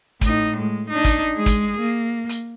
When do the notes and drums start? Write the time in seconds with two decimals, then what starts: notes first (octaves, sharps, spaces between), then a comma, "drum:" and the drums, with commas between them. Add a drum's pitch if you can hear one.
0.21 A2 D#4, drum: kick, hi-hat
0.57 G#3
0.90 D4 D#4
1.04 drum: kick, hi-hat
1.35 G#3 G#4
1.46 drum: kick, hi-hat
1.80 A#3
2.29 drum: hi-hat